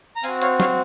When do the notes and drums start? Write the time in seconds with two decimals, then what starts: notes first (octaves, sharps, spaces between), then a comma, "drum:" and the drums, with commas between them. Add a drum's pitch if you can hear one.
0.16 A#5
0.24 C4 F#4 F5 G#5, drum: open hi-hat
0.42 C#5 F5, drum: hi-hat
0.60 C#5 F5, drum: snare